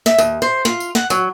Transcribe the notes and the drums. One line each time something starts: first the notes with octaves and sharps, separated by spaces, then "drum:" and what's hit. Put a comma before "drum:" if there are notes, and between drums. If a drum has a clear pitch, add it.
E5, drum: snare
D#2, drum: tambourine
C5
F4, drum: snare
drum: tambourine
F#5, drum: snare
F#3, drum: tambourine